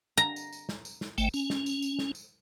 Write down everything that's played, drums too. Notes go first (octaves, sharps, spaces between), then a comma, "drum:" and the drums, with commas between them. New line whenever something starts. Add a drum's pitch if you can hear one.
A#5
drum: tambourine
drum: tambourine
drum: snare
drum: tambourine
drum: snare
G#1 A3 G5, drum: tambourine
C#4, drum: tambourine
drum: snare
drum: tambourine
drum: tambourine
drum: snare
drum: tambourine